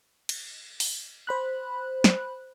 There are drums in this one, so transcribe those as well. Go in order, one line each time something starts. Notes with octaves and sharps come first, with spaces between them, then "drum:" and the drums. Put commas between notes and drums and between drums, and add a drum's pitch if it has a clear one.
drum: cymbal
drum: open hi-hat
C5 B5 F#6
drum: snare